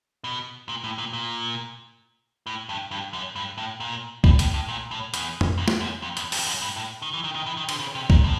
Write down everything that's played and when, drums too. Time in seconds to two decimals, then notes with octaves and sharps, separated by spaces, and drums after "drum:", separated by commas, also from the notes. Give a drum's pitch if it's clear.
0.24 B2
0.69 A#2
0.84 A2
0.98 A#2
1.13 A#2
2.47 A2
2.69 G2
2.91 G2
3.13 F#2
3.36 G2
3.58 A2
3.80 A#2
4.24 A2, drum: kick C2
4.39 A2, drum: hi-hat
4.54 A2
4.69 A#2
4.91 A2
5.14 E2, drum: hi-hat
5.41 drum: tom F2
5.58 F2
5.68 drum: snare
5.80 F#2
6.02 F2
6.17 E2, drum: hi-hat
6.32 F2, drum: open hi-hat
6.47 F#2
6.62 G2
6.76 A2
7.02 D#3
7.14 E3
7.24 D#3
7.35 D#3
7.46 E3
7.57 D#3
7.69 D3, drum: cymbal
7.80 C#3
7.95 C3
8.10 A#2, drum: kick C2
8.24 A2